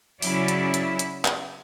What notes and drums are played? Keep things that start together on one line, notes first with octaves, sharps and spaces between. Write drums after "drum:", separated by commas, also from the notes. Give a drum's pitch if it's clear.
C#3 F#3 C#4 E4 D5, drum: open hi-hat
drum: hi-hat
drum: hi-hat
drum: hi-hat
drum: clap